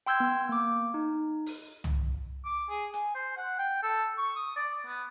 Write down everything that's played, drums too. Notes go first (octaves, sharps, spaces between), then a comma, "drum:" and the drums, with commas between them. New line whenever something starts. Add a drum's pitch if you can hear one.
G5 C6 E6 G6 G#6
B3
A#3 D6
D#4
drum: open hi-hat
drum: tom
D6
G#4
G#5, drum: hi-hat
C5
F#5
G5
A4
C#6
D#6
D5
B3